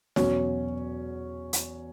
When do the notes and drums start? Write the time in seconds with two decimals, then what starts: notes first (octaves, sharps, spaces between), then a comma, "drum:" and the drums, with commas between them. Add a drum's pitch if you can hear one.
0.16 E2 B2 F#3 C#4, drum: snare
1.53 drum: hi-hat